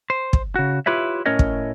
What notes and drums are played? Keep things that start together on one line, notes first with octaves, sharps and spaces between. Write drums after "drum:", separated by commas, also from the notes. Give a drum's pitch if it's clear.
C5
drum: kick
C#3 F#4
E4 F4 G4 B4 C#5 E5
A2 C#4 A#4 C#5 D#5
drum: kick